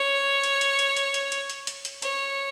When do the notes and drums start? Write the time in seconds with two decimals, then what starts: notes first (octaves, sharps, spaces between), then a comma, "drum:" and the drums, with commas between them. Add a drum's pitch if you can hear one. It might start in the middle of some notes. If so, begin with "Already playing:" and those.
Already playing: C#5
0.43 drum: hi-hat
0.61 drum: hi-hat
0.79 drum: hi-hat
0.97 drum: hi-hat
1.14 drum: hi-hat
1.32 drum: hi-hat
1.50 drum: hi-hat
1.67 drum: hi-hat
1.85 drum: hi-hat
2.02 C#5, drum: hi-hat